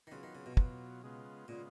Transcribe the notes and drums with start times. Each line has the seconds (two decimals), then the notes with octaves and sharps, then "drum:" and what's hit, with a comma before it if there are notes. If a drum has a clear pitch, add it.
0.07 D#3
0.12 C#3 F#3 B3 F4
0.23 D#3
0.35 C#3
0.46 B2
0.57 F#3 B3 F4, drum: kick
1.03 C#3 G#3 B3 F4
1.48 A#2 C#3 G#3 B3 F4